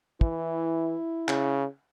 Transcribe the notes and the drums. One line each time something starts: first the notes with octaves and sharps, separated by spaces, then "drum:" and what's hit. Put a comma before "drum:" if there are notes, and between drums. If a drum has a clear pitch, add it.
E3 E4, drum: kick
C#3, drum: clap